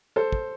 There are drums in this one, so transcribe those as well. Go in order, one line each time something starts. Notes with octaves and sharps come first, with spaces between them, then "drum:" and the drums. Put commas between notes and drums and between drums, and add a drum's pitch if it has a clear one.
A4 C5
drum: kick